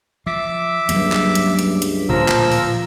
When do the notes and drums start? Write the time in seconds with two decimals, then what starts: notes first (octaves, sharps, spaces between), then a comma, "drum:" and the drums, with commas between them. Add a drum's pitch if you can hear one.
0.27 F3 E5 D6
0.89 C#2 G2 F#3 G3 A#3, drum: hi-hat
1.12 drum: clap
1.35 drum: hi-hat
1.59 drum: hi-hat
1.82 drum: hi-hat
2.09 D1 A#2 F3 A#4 E6
2.28 drum: clap
2.52 drum: open hi-hat